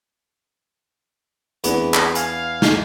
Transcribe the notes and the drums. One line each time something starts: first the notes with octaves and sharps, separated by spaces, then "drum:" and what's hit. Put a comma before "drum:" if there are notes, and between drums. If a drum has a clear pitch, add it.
E2 B3 C4 D4 G#4, drum: hi-hat
drum: clap
F5 G#5 G#6, drum: hi-hat
drum: snare